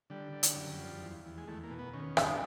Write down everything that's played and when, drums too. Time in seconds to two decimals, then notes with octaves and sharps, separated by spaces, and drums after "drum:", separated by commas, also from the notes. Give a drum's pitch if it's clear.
0.10 D3 G3
0.33 D3
0.43 drum: hi-hat
0.56 F#2
0.79 F3
1.02 E2
1.24 E2
1.38 G#3
1.48 E2 A3
1.64 A#3
1.70 B2
1.79 B3
1.93 D#3 C#4
2.17 G2, drum: rim click
2.24 D#4
2.31 D4